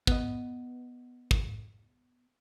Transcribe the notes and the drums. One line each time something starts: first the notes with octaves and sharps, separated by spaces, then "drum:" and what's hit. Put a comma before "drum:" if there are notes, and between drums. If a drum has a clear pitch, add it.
B3 D#5, drum: kick
drum: kick